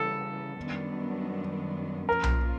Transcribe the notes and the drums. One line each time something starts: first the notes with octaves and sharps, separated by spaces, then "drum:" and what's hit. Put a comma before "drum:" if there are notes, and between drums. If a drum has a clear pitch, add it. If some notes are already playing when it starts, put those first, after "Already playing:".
Already playing: C#3 E3 G3 A4
F#2 D#3 G3 B3 D4
A#2 F3 A#3 C#4 F4 A#4
drum: tom B1